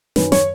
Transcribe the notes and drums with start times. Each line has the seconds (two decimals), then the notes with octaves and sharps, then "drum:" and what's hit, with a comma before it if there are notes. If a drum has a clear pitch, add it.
0.16 F#2 D#3 F#3 B4, drum: snare
0.32 C#5, drum: snare